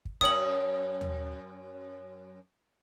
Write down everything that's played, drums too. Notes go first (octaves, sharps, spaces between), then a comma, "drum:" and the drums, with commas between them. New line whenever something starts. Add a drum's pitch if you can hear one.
drum: kick
F#2 C#4 C#5 D#6 F#7, drum: kick
drum: tom D#2